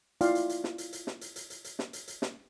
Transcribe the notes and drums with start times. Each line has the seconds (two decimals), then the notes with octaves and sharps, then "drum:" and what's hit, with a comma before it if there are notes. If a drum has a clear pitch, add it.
0.21 E4 F4 D5 F5 G5, drum: hi-hat
0.35 drum: hi-hat
0.49 drum: hi-hat
0.64 drum: snare
0.78 drum: hi-hat
0.93 drum: hi-hat
1.07 drum: snare
1.21 drum: hi-hat
1.36 drum: hi-hat
1.50 drum: hi-hat
1.64 drum: hi-hat
1.79 drum: snare
1.93 drum: hi-hat
2.08 drum: hi-hat
2.22 drum: snare